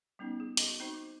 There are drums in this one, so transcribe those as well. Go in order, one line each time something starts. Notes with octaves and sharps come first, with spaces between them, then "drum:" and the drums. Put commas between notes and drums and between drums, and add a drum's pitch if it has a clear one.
G3 B3 C#4 D#4
G#4
F#4 A4 D#5, drum: hi-hat
C4 D#4 F#4 C5
D6